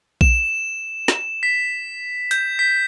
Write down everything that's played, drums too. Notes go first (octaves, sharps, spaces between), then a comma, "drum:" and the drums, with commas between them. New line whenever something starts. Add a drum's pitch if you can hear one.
E7, drum: kick A#1
drum: snare
B6
G6, drum: hi-hat
B6